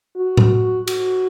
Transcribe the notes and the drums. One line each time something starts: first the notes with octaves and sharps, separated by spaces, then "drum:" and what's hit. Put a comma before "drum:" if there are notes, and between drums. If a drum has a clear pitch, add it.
F#4
drum: tom A2
F#4, drum: cymbal